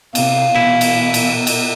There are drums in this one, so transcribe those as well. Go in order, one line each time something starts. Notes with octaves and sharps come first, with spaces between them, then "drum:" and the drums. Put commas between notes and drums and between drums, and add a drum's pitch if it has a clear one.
C3 F5, drum: cymbal
B2 E3 E4
drum: cymbal
drum: cymbal
drum: cymbal